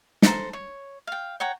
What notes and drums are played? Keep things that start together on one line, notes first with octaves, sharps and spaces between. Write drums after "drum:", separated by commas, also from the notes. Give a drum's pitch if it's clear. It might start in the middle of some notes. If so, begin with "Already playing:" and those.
A4 C5 A#5, drum: snare
C#5
F5 G5
C#5 F#5 G5 A#5